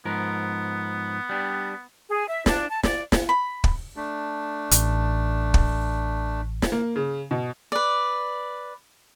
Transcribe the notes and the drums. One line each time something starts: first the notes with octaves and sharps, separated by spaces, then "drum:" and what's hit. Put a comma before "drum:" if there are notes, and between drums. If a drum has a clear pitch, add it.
G#2 F3 B3 A#4
G3 D4 G4
G#4
E5
D4, drum: snare
A5
D5, drum: snare
drum: snare
B5
drum: kick
A3 D4
A1, drum: hi-hat
drum: kick
drum: snare
A#3
C#3
B2
B4 D5